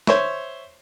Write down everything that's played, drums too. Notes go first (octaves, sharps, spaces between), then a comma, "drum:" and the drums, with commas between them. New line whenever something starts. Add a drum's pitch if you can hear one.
C5 C#5 E5 C#6, drum: snare